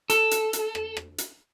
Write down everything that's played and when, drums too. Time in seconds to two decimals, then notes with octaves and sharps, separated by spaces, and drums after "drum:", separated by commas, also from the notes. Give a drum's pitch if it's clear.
0.10 A4, drum: hi-hat
0.31 drum: hi-hat
0.53 drum: hi-hat
0.75 drum: rim click
0.97 drum: rim click
1.18 drum: hi-hat